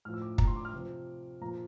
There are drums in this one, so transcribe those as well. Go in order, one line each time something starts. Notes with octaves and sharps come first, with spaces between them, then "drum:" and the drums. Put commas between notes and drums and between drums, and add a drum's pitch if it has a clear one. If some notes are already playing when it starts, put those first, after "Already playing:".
A2 F3 F6
E6
D6
A#5, drum: kick
C6
D6
F6
C3 F3
A#2 F3 A#5